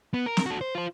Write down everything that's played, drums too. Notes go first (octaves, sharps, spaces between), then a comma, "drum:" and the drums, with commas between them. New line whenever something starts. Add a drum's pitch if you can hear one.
B3
A#4
drum: snare
F#4 A4
C5
F4 C5